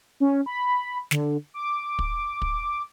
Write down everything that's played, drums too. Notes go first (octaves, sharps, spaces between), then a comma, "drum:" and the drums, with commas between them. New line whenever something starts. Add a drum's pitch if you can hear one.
C#4
B5
D3, drum: snare
D6
drum: kick
drum: kick